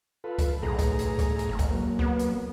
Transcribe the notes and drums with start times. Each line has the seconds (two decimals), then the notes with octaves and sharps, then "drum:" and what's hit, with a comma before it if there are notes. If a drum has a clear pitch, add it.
0.24 F4 A4 B4
0.38 drum: kick C#2, hi-hat
0.62 B1 A2 G#4 A#5
0.79 drum: kick C#2, hi-hat
0.99 drum: hi-hat
1.19 drum: kick C#2, hi-hat
1.39 drum: hi-hat
1.48 G#1
1.59 drum: kick C#2, hi-hat
1.71 F#3 A#3
1.99 B3, drum: kick C#2
2.19 drum: hi-hat